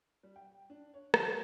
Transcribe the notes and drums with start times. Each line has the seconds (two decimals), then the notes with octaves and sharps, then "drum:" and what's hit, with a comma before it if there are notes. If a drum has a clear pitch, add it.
0.23 G3
0.36 G5
0.70 D4
0.94 C#5
1.14 F#3, drum: rim click